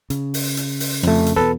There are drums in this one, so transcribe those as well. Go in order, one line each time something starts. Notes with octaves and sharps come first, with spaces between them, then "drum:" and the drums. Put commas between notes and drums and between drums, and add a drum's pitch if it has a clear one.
C#3, drum: hi-hat
drum: open hi-hat
drum: hi-hat
drum: open hi-hat
F2 A3, drum: rim click
drum: hi-hat
E2 B2 A4 B4